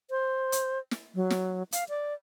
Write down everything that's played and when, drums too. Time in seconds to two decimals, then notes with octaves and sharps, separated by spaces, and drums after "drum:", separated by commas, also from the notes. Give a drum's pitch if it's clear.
0.10 C5
0.52 drum: hi-hat
0.91 drum: snare
1.15 F#3
1.30 drum: snare
1.72 F5, drum: hi-hat
1.89 D5